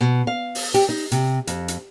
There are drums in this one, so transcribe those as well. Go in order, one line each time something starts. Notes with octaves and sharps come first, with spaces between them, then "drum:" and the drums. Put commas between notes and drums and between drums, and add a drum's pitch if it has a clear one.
B2
F5
drum: open hi-hat
G4, drum: hi-hat
D#4
C3, drum: hi-hat
F2, drum: hi-hat
drum: hi-hat